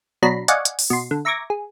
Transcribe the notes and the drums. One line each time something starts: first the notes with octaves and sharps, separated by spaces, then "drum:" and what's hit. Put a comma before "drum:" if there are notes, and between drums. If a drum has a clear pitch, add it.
B2 F#3 D4 A#5 B5 C7
D5 D#5 F5 F#5 G#5 C#6, drum: hi-hat
drum: hi-hat
drum: open hi-hat
B2 C6
D3
E5 A#5 C#6 D6 G#6 A#6
G#4